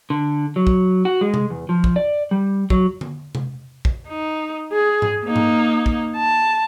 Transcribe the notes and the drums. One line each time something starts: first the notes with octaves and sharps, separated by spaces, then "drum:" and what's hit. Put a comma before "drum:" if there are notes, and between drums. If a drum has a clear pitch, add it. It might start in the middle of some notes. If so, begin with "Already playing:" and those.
D3
F#3
drum: kick
F#4
G#3
drum: tom C3
E2
F3
drum: kick
D5
G3
F#3, drum: kick
drum: tom D3
drum: tom C3
drum: kick
D#4
G#4
drum: tom G#2
A#3 D#4
drum: tom G#2
drum: kick
A5